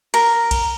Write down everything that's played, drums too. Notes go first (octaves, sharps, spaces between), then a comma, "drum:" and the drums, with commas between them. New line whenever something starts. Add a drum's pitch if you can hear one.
A#4, drum: cymbal
drum: kick A#1, cymbal